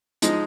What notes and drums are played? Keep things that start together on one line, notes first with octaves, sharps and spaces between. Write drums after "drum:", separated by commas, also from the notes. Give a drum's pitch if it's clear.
F3 G#3 D#4, drum: hi-hat